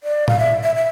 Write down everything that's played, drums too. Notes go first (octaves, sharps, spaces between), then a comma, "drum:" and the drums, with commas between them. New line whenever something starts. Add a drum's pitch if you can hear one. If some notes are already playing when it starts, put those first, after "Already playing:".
D5
F5, drum: tom A2
E5
E5
E5